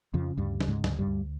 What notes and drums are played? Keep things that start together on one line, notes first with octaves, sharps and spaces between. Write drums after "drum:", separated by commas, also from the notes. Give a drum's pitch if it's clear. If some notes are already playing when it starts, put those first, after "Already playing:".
F2 C#3 F3
D2 G2 G3
C#3, drum: snare
G#2 G#3
D2, drum: snare
G2 G3
D2